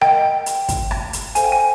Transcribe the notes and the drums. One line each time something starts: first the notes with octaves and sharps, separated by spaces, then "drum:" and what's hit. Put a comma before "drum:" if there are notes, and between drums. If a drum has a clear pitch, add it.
A#4 D#5 F#5 G5, drum: rim click
drum: hi-hat
drum: kick, hi-hat
drum: rim click
drum: hi-hat
A4 C5 F5 G#5, drum: hi-hat
G5
G#5